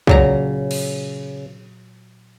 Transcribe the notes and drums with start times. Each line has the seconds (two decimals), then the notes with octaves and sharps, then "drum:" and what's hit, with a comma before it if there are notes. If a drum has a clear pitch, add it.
0.07 A#2 C#3 F#3 A#5, drum: kick
0.71 drum: cymbal